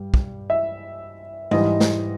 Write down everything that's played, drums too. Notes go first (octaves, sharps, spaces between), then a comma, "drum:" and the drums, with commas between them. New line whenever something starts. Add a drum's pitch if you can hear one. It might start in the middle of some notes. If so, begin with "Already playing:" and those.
Already playing: G2 G3
drum: kick
E5
G#2 E3 G3 D#5, drum: tom G#3
drum: snare